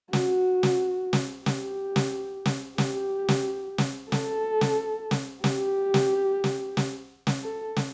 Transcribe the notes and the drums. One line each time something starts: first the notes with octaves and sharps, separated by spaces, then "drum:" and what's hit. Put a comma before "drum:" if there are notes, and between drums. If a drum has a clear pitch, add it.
F#4, drum: snare
drum: snare
drum: snare
G4, drum: snare
drum: snare
drum: snare
G4, drum: snare
drum: snare
drum: snare
A4, drum: snare
drum: snare
drum: snare
G4, drum: snare
drum: snare
drum: snare
drum: snare
drum: snare
A4
drum: snare